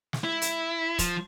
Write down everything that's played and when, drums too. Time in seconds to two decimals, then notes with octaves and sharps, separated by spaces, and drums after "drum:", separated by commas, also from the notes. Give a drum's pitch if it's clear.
0.13 drum: snare
0.24 E4
0.42 drum: hi-hat
0.99 F3, drum: kick, hi-hat